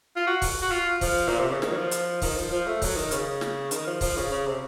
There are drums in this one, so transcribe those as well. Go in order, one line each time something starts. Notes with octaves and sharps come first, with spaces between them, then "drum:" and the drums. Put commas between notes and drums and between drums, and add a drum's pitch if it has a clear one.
F4
F#4
drum: kick, open hi-hat
F#4
F4
F3, drum: kick, open hi-hat
A#2
C3
C#3
D#3, drum: snare
F#3
F3
drum: hi-hat
D#3, drum: kick, open hi-hat
F3
F3
A3
F#3, drum: kick, open hi-hat
D#3
C#3, drum: hi-hat
drum: snare
D#3, drum: hi-hat
F3
F3, drum: kick, open hi-hat
C#3
C#3
C3